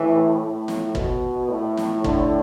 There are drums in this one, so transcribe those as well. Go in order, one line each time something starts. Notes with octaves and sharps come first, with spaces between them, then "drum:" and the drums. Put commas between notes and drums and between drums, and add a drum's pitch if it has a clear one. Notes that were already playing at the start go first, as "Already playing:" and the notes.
Already playing: A2 E3
A2
drum: snare
B2, drum: kick
A2
drum: snare
D3, drum: kick